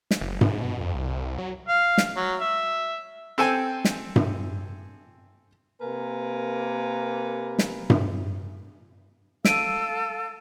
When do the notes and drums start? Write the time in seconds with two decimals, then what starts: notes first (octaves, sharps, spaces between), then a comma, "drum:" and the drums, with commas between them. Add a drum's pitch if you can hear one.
0.11 drum: snare
0.21 F#1
0.41 G#2, drum: tom G2
0.61 B2
0.80 F2
0.95 C2
1.38 F#3
1.69 F5
1.98 drum: snare
2.16 F#3
2.41 E5
3.38 C4 A4 G5 G#5
3.85 drum: snare
4.16 drum: tom G2
5.80 C3 A#3 A#4 B4 G#5
7.59 drum: snare
7.90 drum: tom G2
9.45 A4 F5 E6 D7 D#7, drum: snare